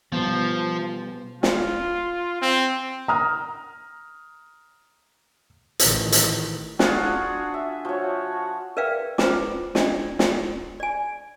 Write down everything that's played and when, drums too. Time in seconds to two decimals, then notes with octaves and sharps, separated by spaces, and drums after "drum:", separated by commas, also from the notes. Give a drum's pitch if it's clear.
0.12 B2 F3 G3 B3
1.43 F4, drum: snare
2.42 C4
3.08 A#5 D#6 F6
5.79 A1 D#3, drum: hi-hat
6.12 drum: hi-hat
6.79 D4 F4 F#4 G#4, drum: snare
7.54 E5
7.85 F3 F#4 C#5
8.77 A#4 B4 D5 E5 F5 G5
9.18 C#4 F4 B4 C5 A#5 D6, drum: snare
9.75 C#4 D4 D5 D#5, drum: snare
10.19 drum: snare
10.80 D5 G#5